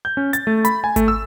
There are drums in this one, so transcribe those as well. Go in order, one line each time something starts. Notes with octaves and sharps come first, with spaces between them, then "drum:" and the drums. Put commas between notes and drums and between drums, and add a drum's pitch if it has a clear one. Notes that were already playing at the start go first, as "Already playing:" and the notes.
G6
C#4
A6, drum: hi-hat
A3
B5, drum: hi-hat
G#5
A3, drum: kick G#1, hi-hat
E6